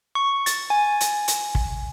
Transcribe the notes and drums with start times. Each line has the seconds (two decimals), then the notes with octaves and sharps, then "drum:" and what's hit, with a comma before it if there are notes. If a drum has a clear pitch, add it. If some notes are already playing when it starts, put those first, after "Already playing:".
0.15 C#6
0.46 A6, drum: hi-hat
0.70 G#5
1.00 drum: hi-hat
1.28 drum: hi-hat
1.55 drum: kick